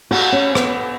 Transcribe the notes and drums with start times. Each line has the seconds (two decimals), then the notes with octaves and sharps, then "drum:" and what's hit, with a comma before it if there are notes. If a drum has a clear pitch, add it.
0.11 F#4, drum: cymbal
0.32 C#4
0.55 B3, drum: rim click